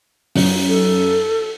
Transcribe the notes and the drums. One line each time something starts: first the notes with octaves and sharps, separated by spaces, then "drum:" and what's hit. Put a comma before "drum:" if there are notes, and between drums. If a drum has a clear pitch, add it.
F#2, drum: open hi-hat
A4